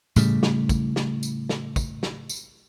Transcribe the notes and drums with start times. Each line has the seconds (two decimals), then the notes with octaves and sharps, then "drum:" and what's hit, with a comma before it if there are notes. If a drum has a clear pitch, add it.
0.16 A2 C#3 G3, drum: tambourine
0.43 drum: snare
0.69 drum: kick, tambourine
0.96 drum: snare
1.23 drum: tambourine
1.49 drum: snare
1.76 drum: kick, tambourine
2.03 drum: snare
2.29 drum: tambourine